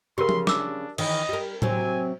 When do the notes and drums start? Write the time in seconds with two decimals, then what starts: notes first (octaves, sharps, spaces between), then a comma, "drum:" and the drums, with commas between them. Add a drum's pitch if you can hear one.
0.18 C#3 G4 A#4 C6
0.29 drum: tom F3
0.47 D4 D6 E6, drum: snare
0.98 D#3 E3 D#4 D#5, drum: cymbal
1.29 G3 A#4
1.62 C3 F#3 C4 G#5, drum: tom A2